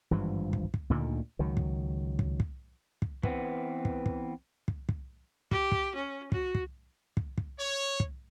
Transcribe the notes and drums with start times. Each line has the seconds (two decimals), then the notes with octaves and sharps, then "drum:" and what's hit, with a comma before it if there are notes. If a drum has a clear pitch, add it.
0.11 G#1 G2 E3 F3
0.53 drum: kick
0.74 drum: kick
0.90 D2 A#2 D3 D#3
1.39 C#2 D#3 F#3
1.57 drum: kick
2.19 drum: kick
2.40 drum: kick
3.02 drum: kick
3.23 E3 B3 C4, drum: kick
3.85 drum: kick
4.06 drum: kick
4.68 drum: kick
4.89 drum: kick
5.51 G4, drum: kick
5.72 drum: kick
5.96 C#4
6.32 F#4, drum: kick
6.55 drum: kick
7.17 drum: kick
7.38 drum: kick
7.58 C#5
8.00 drum: kick